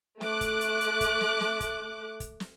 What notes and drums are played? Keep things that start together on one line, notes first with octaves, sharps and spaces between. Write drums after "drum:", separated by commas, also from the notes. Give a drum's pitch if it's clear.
A3 D6 F#6, drum: snare
drum: kick, hi-hat
drum: hi-hat
drum: hi-hat
drum: kick, hi-hat
drum: snare
drum: snare
drum: kick, hi-hat
drum: kick, hi-hat
drum: snare